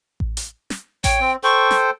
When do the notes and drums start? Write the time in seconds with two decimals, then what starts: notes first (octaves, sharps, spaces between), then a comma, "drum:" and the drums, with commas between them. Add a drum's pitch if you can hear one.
0.20 drum: kick A1
0.37 drum: hi-hat
0.70 drum: snare
1.04 C#5 G5, drum: kick A1, hi-hat
1.20 C4
1.43 A4 C5 G5 C#6
1.71 drum: snare